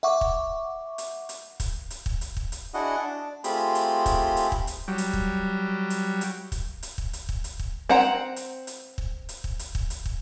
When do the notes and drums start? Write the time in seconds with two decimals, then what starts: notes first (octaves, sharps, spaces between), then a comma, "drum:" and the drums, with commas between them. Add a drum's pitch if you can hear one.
0.03 E5 F#5 C#6 D6
0.21 drum: kick
0.98 drum: hi-hat
1.29 drum: hi-hat
1.60 drum: kick, hi-hat
1.90 drum: hi-hat
2.06 drum: kick
2.21 drum: hi-hat
2.37 drum: kick
2.52 drum: hi-hat
2.74 D4 E4 F#4 G#4 D#5 F#5
2.98 D4
3.44 A3 C4 F4 G4 G#4 B5, drum: hi-hat
3.75 drum: hi-hat
4.06 drum: kick, hi-hat
4.36 drum: hi-hat
4.52 drum: kick
4.67 drum: hi-hat
4.88 F#3 G3
4.98 drum: hi-hat
5.13 drum: kick
5.90 drum: hi-hat
6.21 drum: hi-hat
6.52 drum: kick, hi-hat
6.83 drum: hi-hat
6.98 drum: kick
7.13 drum: hi-hat
7.29 drum: kick
7.44 drum: hi-hat
7.59 drum: kick
7.89 C4 F#5 A#5
8.36 drum: hi-hat
8.67 drum: hi-hat
8.98 drum: kick
9.29 drum: hi-hat
9.44 drum: kick
9.59 drum: hi-hat
9.75 drum: kick
9.90 drum: hi-hat
10.06 drum: kick